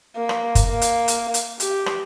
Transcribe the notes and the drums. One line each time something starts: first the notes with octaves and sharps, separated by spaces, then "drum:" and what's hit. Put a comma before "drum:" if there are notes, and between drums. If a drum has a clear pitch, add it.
A#3
drum: rim click
drum: kick, hi-hat
A#3
drum: hi-hat
drum: hi-hat
drum: hi-hat
G4, drum: hi-hat
drum: rim click